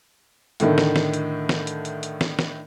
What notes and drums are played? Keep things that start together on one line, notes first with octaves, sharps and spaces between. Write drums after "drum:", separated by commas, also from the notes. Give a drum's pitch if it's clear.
A2 D3 D#3 A3, drum: hi-hat
drum: snare
drum: snare
drum: hi-hat
drum: snare
drum: hi-hat
drum: hi-hat
drum: hi-hat
drum: snare
drum: snare